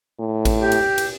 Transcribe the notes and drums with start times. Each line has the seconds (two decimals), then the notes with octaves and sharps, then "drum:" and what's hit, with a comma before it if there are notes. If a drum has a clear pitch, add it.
0.19 A2
0.45 drum: kick A1, cymbal
0.60 G4
0.72 drum: cymbal
0.98 drum: cymbal